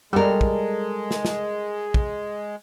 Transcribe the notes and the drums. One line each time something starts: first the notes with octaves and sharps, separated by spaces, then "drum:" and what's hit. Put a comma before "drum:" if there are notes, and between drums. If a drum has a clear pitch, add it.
G3 G#3 A4 A#4
drum: kick
drum: snare
drum: snare
drum: kick